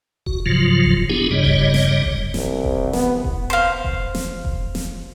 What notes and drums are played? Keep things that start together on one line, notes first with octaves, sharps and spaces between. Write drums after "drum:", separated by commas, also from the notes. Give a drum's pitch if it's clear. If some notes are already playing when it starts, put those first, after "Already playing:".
F#4, drum: kick E1
G#2 C#3 F3 F#3 F4
drum: kick E1
B3 D4 E4 G4 G#4
G2 C#3 G3 C#5 D#5
drum: kick E1
drum: snare
drum: kick E1
C2, drum: snare
drum: kick E1
B3, drum: snare
drum: kick E1
C5 F5
drum: kick E1
drum: snare
drum: kick E1
drum: snare